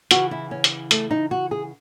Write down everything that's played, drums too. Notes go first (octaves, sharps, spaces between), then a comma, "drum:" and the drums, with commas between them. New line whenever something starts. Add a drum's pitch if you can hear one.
C#3 E3 F#4, drum: hi-hat
E4
C#4
drum: hi-hat
A3, drum: hi-hat
D#4
F#4
G#4